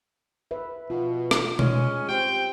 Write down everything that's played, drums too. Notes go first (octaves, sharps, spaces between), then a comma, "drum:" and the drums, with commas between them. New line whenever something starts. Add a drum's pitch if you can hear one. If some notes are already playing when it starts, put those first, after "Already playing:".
B4 E5
B2 F4
drum: rim click
G#3 C#4, drum: tom B2
C4 G4 C5 G5